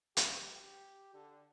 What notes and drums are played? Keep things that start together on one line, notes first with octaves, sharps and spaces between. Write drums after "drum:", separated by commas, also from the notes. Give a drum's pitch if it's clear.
G4, drum: hi-hat
G4
D3